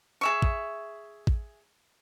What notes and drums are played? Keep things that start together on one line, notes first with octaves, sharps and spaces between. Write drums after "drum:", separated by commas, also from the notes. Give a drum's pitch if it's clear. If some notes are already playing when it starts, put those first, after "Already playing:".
G#4 E5 C#6
drum: kick
drum: kick